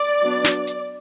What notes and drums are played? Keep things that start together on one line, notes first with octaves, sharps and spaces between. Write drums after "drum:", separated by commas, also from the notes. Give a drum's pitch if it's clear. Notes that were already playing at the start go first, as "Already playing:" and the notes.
Already playing: D5
F#3 B3 D4
drum: snare
drum: hi-hat